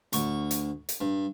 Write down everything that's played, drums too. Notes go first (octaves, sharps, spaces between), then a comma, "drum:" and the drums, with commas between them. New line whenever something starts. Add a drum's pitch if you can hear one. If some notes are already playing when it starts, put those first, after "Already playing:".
D2 C#6, drum: hi-hat
drum: hi-hat
drum: hi-hat
G2